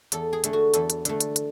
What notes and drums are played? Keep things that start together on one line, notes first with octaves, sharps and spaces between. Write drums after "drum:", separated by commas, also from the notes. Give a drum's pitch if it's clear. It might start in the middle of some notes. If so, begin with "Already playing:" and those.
E2 A4, drum: hi-hat
G#4
D3 A3, drum: hi-hat
F#4
E2 A4, drum: hi-hat
drum: hi-hat
D3 A3, drum: hi-hat
drum: hi-hat
drum: hi-hat